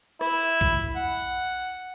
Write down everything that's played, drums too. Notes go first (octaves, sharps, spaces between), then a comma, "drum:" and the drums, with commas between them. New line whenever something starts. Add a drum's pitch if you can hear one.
E4, drum: rim click
drum: kick A#1
F#5